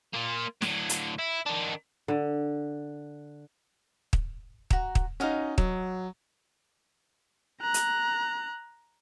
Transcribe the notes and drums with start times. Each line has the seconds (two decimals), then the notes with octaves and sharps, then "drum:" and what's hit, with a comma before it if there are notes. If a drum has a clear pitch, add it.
0.13 A#3 F4
0.62 A2 D3, drum: snare
0.89 drum: hi-hat
1.19 E4
1.46 D#3 D4
2.08 D3
4.13 drum: kick
4.70 F#4 A#5, drum: kick
4.95 drum: kick
5.20 C#4 D#4 F#4 D#5 F5
5.58 F#3, drum: kick
7.61 A#5 F#6
7.74 drum: hi-hat